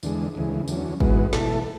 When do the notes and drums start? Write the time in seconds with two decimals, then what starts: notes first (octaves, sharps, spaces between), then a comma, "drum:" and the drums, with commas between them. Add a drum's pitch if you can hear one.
0.03 E2 D3 G#3, drum: tambourine
0.35 D2 C#3 E3 G#3
0.68 E2 D3 F#3 C#4, drum: tambourine
1.00 G#2 E3 G#3 B3 F#4, drum: kick
1.33 B2 A3 E4 A4, drum: snare